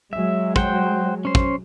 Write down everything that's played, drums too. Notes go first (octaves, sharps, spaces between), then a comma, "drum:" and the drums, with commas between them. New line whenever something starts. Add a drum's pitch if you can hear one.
F#3 G#3 E5
C5 F#5 G5, drum: kick
C#4 C5
drum: kick